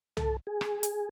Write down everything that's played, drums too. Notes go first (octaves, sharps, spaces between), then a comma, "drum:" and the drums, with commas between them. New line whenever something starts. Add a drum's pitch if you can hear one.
A4, drum: tom C2
G#4
drum: rim click
drum: hi-hat